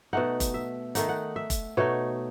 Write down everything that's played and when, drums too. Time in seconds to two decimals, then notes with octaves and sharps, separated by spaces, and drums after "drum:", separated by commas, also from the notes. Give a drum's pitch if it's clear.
0.13 B2 A3 D#4 F#5
0.40 drum: kick F1, hi-hat
0.54 E5
0.95 D#3 A3 D#4 F#5, drum: hi-hat
1.09 F#5
1.36 E5
1.50 drum: kick F1, hi-hat
1.77 B2 A3 D#4 C#5